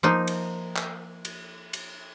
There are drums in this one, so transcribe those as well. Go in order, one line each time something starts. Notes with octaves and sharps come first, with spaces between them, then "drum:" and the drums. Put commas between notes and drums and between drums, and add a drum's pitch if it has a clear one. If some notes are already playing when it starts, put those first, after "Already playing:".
F3 A#3 D#4
drum: cymbal
drum: clap
drum: cymbal
drum: cymbal